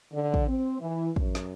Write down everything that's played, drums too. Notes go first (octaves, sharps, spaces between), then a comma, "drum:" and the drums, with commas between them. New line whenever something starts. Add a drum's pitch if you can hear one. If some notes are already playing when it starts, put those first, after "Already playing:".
D3
drum: kick
C4
E3
F#2, drum: kick
drum: snare